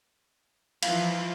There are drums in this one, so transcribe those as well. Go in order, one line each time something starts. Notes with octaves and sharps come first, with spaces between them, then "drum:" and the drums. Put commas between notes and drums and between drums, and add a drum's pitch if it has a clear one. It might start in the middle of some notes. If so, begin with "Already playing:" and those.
E3 F3 F4 F5, drum: cymbal